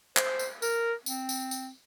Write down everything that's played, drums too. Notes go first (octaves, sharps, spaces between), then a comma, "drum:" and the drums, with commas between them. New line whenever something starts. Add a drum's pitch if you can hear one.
C5, drum: clap
drum: tambourine
A#4, drum: tambourine
C4, drum: tambourine
drum: tambourine
drum: tambourine